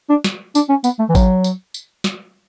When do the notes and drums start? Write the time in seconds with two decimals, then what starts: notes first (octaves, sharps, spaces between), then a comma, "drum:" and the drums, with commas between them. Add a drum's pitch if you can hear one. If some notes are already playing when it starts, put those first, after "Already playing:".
0.10 D4
0.24 drum: snare
0.55 D4, drum: tambourine
0.69 C#4
0.84 B3, drum: tambourine
0.99 A3
1.09 E3
1.15 F#3, drum: kick G#1, tambourine
1.44 drum: tambourine
1.74 drum: tambourine
2.04 drum: snare